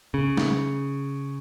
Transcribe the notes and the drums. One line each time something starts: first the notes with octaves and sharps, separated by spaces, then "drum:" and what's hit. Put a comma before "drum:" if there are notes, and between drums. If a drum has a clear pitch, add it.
C#3
drum: snare